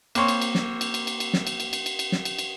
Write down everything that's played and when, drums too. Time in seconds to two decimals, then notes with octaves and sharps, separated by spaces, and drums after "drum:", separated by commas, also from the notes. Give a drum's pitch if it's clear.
0.15 A#3 C4 C5 C#5, drum: cymbal
0.28 drum: cymbal
0.42 drum: cymbal
0.55 drum: snare
0.81 drum: cymbal
0.94 drum: cymbal
1.07 drum: cymbal
1.20 drum: cymbal
1.33 drum: snare
1.47 drum: cymbal
1.60 drum: cymbal
1.73 drum: cymbal
1.86 drum: cymbal
1.99 drum: cymbal
2.12 drum: snare
2.25 drum: cymbal
2.39 drum: cymbal